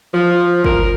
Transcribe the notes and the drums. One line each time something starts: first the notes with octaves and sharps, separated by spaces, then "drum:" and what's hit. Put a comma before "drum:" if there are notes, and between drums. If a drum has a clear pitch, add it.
F3
A#4, drum: kick